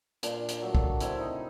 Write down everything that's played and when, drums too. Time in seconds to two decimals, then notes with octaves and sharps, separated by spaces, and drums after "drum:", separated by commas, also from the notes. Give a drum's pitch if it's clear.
0.23 A#2 D4, drum: hi-hat
0.48 drum: hi-hat
0.62 F#3 A3
0.75 drum: kick
1.00 C3 E4, drum: hi-hat
1.20 D#4